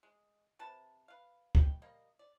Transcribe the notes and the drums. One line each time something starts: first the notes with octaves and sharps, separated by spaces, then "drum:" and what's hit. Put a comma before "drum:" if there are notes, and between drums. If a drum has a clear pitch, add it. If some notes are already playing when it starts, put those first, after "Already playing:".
G#3
C3 B4 A5
B4 F5
B2 G5, drum: kick
G3 A#3 D#5
D5